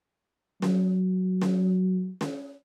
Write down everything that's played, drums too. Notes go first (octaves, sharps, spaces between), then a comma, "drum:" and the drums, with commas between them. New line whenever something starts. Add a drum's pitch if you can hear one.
F#3, drum: snare
drum: snare
drum: snare